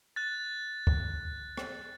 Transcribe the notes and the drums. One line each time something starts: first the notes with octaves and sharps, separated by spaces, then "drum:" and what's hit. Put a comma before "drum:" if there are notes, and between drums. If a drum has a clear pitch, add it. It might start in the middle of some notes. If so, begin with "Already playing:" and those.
F#6 A6
drum: kick
drum: rim click